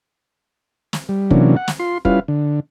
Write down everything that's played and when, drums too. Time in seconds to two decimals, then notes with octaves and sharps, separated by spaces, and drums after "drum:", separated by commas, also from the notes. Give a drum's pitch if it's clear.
0.93 drum: snare
1.09 G3
1.31 C3 E3 F#3 A#3 C#4 D4, drum: kick
1.56 F#5
1.68 drum: snare
1.80 F4 C6
2.05 G3 C#4 E4 F4 B4 F5, drum: kick
2.28 D3